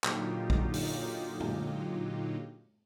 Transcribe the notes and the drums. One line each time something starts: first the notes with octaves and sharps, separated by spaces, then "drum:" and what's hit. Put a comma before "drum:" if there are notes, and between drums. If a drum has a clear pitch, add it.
A#2 D3 F#3 D#4 F4 G4, drum: clap
drum: kick A#1
drum: open hi-hat
drum: tom A2